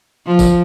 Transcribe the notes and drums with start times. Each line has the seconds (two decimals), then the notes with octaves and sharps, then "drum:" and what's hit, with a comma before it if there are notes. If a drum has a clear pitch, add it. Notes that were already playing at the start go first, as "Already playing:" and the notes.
0.26 F3
0.39 drum: kick, tambourine